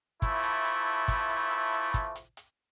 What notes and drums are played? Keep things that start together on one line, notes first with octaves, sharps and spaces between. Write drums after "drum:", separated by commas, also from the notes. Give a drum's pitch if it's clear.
E3 F3 A3 E4, drum: kick, hi-hat
drum: hi-hat
drum: hi-hat
drum: kick, hi-hat
drum: hi-hat
drum: hi-hat
drum: hi-hat
drum: kick, hi-hat
drum: hi-hat
drum: hi-hat